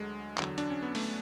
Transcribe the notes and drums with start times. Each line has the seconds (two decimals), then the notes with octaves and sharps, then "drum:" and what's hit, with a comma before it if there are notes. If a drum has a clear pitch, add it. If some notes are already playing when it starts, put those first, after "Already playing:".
Already playing: D2 D3 F#3 G#3
0.38 E2 D3 F#3, drum: clap
0.58 D4, drum: hi-hat
0.70 C#4
0.83 B3
0.95 A3, drum: open hi-hat